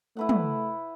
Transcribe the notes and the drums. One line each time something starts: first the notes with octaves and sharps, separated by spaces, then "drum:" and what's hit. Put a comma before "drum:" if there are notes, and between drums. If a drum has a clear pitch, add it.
A3 E4 B4 F#5
drum: tom